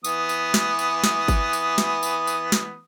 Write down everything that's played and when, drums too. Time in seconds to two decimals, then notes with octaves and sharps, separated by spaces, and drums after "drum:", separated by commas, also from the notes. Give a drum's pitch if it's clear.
0.04 E3 B3 D#6, drum: tambourine
0.29 drum: tambourine
0.54 drum: snare
0.79 drum: tambourine
1.04 drum: snare
1.28 drum: kick G1, tambourine
1.53 drum: tambourine
1.78 drum: snare
2.03 drum: tambourine
2.27 drum: tambourine
2.52 drum: snare